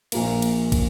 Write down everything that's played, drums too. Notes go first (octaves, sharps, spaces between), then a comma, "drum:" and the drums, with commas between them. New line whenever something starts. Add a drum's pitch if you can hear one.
A#1 A#2 A#3, drum: cymbal
drum: cymbal
drum: kick, cymbal